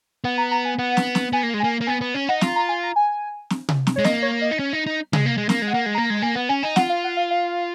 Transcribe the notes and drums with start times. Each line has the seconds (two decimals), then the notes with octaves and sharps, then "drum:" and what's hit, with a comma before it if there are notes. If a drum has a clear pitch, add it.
0.24 B3 F#5
0.38 A#5
0.51 A#5
0.65 G#5
0.79 B3 F#5
0.97 drum: snare
1.15 drum: snare
1.33 B3 G#5
1.43 A#3
1.54 G#3
1.60 G#5
1.64 A#3
1.81 A#3
1.87 B3 G#5
2.01 B3
2.14 C#4
2.29 D#4 F#5
2.41 F4 A#5, drum: snare
2.56 A#5
2.69 G#5
2.83 A#5
2.96 G#5
3.50 drum: snare
3.69 drum: tom C3
3.87 drum: snare
3.96 G#3 C#5
4.04 A#3 D#5, drum: snare
4.22 C#5
4.42 D#5
4.51 D#4
4.59 C#4
4.73 D#4
4.86 D#4
5.13 G#3, drum: tom C3
5.26 A#3
5.38 G#3
5.49 A#3, drum: snare
5.62 G#3
5.68 F#5
5.74 A#3
5.86 G#3
5.95 A#5
5.98 A#3
6.10 G#3
6.22 A#3 G#5
6.36 B3 F#5
6.49 C#4 G#5
6.62 D#4 G#5
6.76 F4 F#5, drum: snare
6.89 F5
7.04 F#5
7.17 F5
7.31 F5